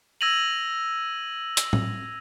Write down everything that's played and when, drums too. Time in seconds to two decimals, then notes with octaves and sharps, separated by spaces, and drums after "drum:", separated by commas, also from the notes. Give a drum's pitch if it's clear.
0.21 E6 G#6 A#6 D#7 F7 F#7
1.57 drum: hi-hat
1.73 drum: tom